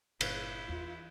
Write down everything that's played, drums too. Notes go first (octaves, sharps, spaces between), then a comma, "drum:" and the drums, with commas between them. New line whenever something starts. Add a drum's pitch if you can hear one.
G1 A#2 E4, drum: cymbal
E2 F4